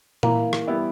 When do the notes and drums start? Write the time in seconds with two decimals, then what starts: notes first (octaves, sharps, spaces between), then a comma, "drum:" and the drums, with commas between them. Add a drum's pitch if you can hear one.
0.23 E3 A#3, drum: tom A#2
0.53 drum: rim click
0.67 G3 B3 E4